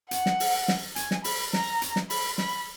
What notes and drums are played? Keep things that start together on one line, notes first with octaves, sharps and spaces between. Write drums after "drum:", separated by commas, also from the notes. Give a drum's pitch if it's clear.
F#5, drum: hi-hat
drum: snare
drum: open hi-hat
drum: snare
G#5, drum: hi-hat
drum: snare
B5, drum: open hi-hat
A#5, drum: snare
drum: hi-hat
drum: snare
B5, drum: open hi-hat
B5, drum: snare